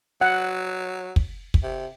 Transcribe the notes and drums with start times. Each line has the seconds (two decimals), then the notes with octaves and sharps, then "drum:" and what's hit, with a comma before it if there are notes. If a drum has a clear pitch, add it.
0.21 F#3 F#5
1.16 drum: kick
1.54 drum: kick
1.63 C3